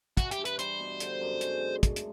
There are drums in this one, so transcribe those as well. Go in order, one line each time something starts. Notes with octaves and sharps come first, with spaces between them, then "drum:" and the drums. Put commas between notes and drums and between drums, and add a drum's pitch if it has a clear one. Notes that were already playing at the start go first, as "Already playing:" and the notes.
E3 F#4, drum: kick, hi-hat
G4, drum: hi-hat
G2
B4, drum: hi-hat
G3 C5, drum: hi-hat
B2
D3, drum: hi-hat
F#2
G#3, drum: hi-hat
G#3
A3, drum: kick, hi-hat
drum: hi-hat